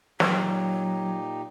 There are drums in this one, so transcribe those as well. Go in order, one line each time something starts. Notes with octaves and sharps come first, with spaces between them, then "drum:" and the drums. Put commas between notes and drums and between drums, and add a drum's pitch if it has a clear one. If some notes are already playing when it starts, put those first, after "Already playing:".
A#2 F#3 D#4 G4, drum: snare